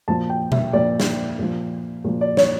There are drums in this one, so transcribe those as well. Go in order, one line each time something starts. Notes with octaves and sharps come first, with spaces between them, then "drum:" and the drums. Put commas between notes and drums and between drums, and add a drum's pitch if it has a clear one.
A#2 F3 A5
G5
E5, drum: tom B2
A#2 F3 D5
drum: snare
A#2 F3
A#2 F3
D5
C#5, drum: snare